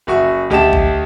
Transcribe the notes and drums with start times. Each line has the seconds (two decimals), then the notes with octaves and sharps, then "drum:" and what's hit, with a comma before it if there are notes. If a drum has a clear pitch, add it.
0.07 F#1 F#4 E5 C#6
0.50 D2 G4 D#5 A5 E7
0.73 drum: kick A1